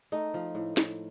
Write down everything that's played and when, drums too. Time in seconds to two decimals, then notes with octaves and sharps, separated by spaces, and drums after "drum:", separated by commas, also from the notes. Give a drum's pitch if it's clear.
0.12 A3 D#4
0.34 F3
0.55 A2
0.77 A2, drum: snare